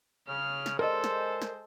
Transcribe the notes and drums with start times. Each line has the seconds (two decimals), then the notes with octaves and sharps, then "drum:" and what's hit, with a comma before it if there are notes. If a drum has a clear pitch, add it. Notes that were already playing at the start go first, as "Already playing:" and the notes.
0.28 C#3 F6
0.66 drum: snare
0.79 G#3 A4 A#4 C5 D5 D#5
1.04 drum: snare
1.42 drum: snare